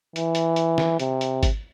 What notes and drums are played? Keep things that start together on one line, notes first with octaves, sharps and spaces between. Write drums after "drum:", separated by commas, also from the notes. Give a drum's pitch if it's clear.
E3, drum: hi-hat
drum: hi-hat
drum: hi-hat
drum: snare
C3, drum: hi-hat
drum: hi-hat
drum: kick G#1, hi-hat